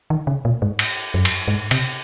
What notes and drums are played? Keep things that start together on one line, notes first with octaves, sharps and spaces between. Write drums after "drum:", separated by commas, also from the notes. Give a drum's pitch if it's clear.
D#3
C#3
A#2
G#2
drum: cymbal
F#2
drum: cymbal
G#2
C3, drum: cymbal